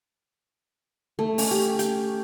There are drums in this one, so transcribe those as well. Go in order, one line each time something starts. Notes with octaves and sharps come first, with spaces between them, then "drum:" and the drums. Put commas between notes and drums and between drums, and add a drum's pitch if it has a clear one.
A3
C#4, drum: open hi-hat
G4
G5, drum: hi-hat